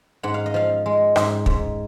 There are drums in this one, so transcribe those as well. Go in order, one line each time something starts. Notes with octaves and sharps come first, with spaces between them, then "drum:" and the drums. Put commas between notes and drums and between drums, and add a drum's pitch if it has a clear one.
G#2 F#5
F5
D#5
F3 F5
G#3
G#2, drum: rim click
G#2, drum: kick